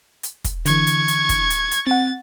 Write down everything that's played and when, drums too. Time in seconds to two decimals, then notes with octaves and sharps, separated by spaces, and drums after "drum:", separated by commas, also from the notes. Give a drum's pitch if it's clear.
0.23 drum: hi-hat
0.44 drum: kick, hi-hat
0.66 D3 E3 C#6 G#6, drum: hi-hat
0.87 drum: hi-hat
1.08 drum: hi-hat
1.29 drum: kick, hi-hat
1.50 drum: hi-hat
1.71 drum: hi-hat
1.87 C4 F#5 A6